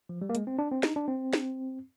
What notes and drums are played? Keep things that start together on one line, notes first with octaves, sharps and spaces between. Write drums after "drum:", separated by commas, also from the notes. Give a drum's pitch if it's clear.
F3
G3
A#3
G#3, drum: hi-hat
C4
D4
C4
D#4, drum: snare
D4
C4
drum: snare